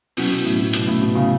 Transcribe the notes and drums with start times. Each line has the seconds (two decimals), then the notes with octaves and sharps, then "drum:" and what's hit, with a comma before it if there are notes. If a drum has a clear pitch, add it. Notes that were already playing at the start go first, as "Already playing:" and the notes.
0.17 B2 F#3 C#4 E4, drum: open hi-hat
0.31 B2
0.45 A2
0.59 B2
0.73 B2, drum: hi-hat
0.87 A2
1.01 B2
1.15 C#3